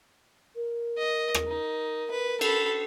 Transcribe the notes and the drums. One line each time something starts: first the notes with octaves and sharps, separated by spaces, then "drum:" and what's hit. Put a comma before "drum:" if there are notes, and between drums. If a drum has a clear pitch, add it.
A#4
D#5
drum: rim click
D#4
B4
A4 B5, drum: cymbal